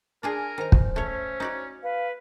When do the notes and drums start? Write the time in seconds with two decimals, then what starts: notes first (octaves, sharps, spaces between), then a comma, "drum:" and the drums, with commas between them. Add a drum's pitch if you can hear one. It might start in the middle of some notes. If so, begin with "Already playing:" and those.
0.23 D4 F4 G#4 A#4 G#5
0.58 D#3 C5 A#5
0.72 drum: kick
0.96 A3 C#4 C#5 E5
1.40 D#4 F#4 D5
1.83 B4 F5